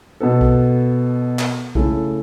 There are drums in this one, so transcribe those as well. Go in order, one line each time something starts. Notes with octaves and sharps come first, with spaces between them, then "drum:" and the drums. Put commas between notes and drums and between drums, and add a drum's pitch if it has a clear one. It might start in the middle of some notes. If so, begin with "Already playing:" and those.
B2 B3 A4
drum: kick
drum: clap
C#3 A3 E4 A4, drum: kick